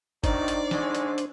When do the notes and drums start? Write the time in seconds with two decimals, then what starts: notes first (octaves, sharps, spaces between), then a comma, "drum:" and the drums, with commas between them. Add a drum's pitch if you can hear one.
0.24 A2 D#3 F#3 D4 D#4 C5 D5, drum: kick G1, hi-hat
0.48 drum: hi-hat
0.71 D3 G#3 C#4, drum: snare
0.95 drum: hi-hat
1.18 drum: hi-hat